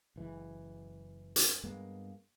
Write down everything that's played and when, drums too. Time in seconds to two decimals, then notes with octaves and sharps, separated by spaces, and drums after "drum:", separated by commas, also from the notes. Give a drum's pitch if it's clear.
0.16 F#1 E3 G#3
1.36 drum: hi-hat
1.63 G2 G#3 A#3 B3